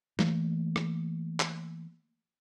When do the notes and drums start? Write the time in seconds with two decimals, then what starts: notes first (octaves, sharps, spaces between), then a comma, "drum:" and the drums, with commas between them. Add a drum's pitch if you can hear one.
0.19 E3 A3 A#3, drum: snare
0.76 drum: rim click
1.40 drum: clap